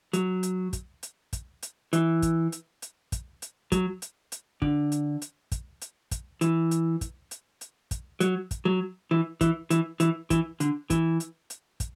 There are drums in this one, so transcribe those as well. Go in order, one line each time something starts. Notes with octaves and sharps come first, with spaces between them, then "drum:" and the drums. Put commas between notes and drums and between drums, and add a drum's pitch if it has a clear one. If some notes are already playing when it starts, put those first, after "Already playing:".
F#3, drum: hi-hat
drum: hi-hat
drum: kick, hi-hat
drum: hi-hat
drum: kick, hi-hat
drum: hi-hat
E3, drum: hi-hat
drum: kick, hi-hat
drum: hi-hat
drum: hi-hat
drum: kick, hi-hat
drum: hi-hat
F#3, drum: kick, hi-hat
drum: hi-hat
drum: hi-hat
D3, drum: kick
drum: hi-hat
drum: hi-hat
drum: kick, hi-hat
drum: hi-hat
drum: kick, hi-hat
E3, drum: hi-hat
drum: hi-hat
drum: kick, hi-hat
drum: hi-hat
drum: hi-hat
drum: kick, hi-hat
F#3, drum: hi-hat
drum: kick, hi-hat
F#3
E3
E3, drum: kick, hi-hat
E3, drum: hi-hat
E3, drum: hi-hat
E3, drum: kick, hi-hat
D3, drum: hi-hat
E3, drum: kick, hi-hat
drum: hi-hat
drum: hi-hat
drum: kick, hi-hat